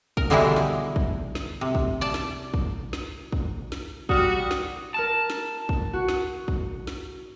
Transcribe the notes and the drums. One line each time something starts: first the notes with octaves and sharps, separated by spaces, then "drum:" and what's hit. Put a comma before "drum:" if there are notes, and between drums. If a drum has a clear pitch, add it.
A#4, drum: kick
B2 D3 E3 G3 G#3 E4
drum: snare
drum: kick
drum: snare
C3
drum: kick
D5 A5
drum: snare
drum: kick
drum: snare
drum: kick
drum: snare
G3 F#4 D#6 F6, drum: kick
drum: snare
A#4 A5 F6 E7
drum: snare
drum: kick
F#4
drum: snare
drum: kick
drum: snare